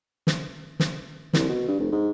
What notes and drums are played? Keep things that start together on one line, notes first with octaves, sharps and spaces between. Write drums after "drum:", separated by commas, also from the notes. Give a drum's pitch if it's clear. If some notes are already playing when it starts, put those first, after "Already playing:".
drum: snare
drum: snare
C2, drum: snare
B2
G2
F1
G#2